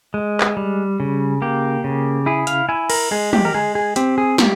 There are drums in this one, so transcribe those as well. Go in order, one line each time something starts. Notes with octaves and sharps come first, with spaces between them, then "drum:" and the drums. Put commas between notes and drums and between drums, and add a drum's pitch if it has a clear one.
G#3
drum: clap
G3
C#3
A#3 G4
C#3
E4 G#4
F5, drum: hi-hat
E4 G#5
A#4, drum: cymbal
G#3 G#4
G4, drum: tom
A#4
G#3 G#4
G#4
C4 G4, drum: hi-hat
G#4
G3 G4, drum: snare